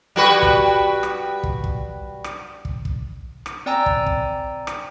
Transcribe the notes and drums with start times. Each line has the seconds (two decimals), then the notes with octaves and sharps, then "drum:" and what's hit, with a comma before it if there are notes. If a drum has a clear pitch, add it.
0.16 G3 F#4 B4
0.42 drum: kick
1.03 drum: rim click
1.43 drum: kick
1.64 drum: kick
2.24 drum: rim click
2.65 drum: kick
2.85 drum: kick
3.46 drum: rim click
3.66 C4 D5 G5 G#5 A#5 E6
3.86 drum: kick
4.06 drum: kick
4.67 drum: rim click